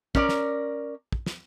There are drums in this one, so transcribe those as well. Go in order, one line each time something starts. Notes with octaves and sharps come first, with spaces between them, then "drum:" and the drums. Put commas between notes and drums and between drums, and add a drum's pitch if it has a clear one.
C#4 A#4 D5, drum: kick
drum: snare
drum: kick
drum: snare